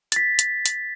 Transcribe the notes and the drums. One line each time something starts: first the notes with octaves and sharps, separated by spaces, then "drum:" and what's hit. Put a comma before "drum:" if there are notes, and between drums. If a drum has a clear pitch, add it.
A6 B6, drum: hi-hat
drum: hi-hat
drum: hi-hat